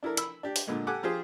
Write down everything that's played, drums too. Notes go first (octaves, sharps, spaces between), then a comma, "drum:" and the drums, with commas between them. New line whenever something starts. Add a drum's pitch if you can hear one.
D4 E4 A4 A#4
B5 E6, drum: hi-hat
D4 G4
drum: open hi-hat
A#2 D3 G#3
G4 A4 F#5 G#5 D6 F#6
F3 F4 G4 G#4 C5